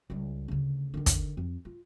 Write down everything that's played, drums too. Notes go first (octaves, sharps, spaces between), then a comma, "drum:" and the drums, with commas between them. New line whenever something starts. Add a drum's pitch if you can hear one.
C#2 G3
D2 C#3
D3 D#3
drum: kick, hi-hat
F2
F4